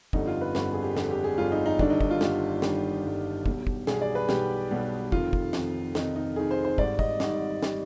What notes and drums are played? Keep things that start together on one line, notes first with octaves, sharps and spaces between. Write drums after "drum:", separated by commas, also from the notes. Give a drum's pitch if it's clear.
G1 F2 D3 G3 D#4, drum: kick
F4
B4
G1 F2 D3 G3 B4, drum: snare
G#4
G4
G1 F2 D3 G3 G4, drum: snare
G4
G#4
G1 F2 D3 G3 F4
D#4
D#4
G1 G2 D#3 G3 D4, drum: kick
D#4
D#4, drum: kick
F4
G1 G2 D#3 G3, drum: snare
G1 G2 D#3 G3 G4, drum: snare
G1 G2 D#3 G3
B1 B2 G3, drum: kick
drum: kick
B1 B2 G3 G#4, drum: snare
D5
B4
B1 B2 G3 G4, drum: snare
B1 B2 G3
F1 F2 D#3 F4, drum: kick
drum: kick
F1 F2 D#3, drum: snare
F1 F2 D#3 D#4, drum: snare
D#4
F1 F2 D#3 G#4
C5
C5
G#1 G#2 G3 D5, drum: kick
D#5, drum: kick
G#1 G#2 G3, drum: snare
G3, drum: snare